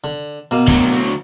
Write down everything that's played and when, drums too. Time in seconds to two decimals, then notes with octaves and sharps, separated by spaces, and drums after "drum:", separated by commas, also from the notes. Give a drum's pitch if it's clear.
0.04 D3
0.51 B2 A#3
0.68 D2 F#3, drum: kick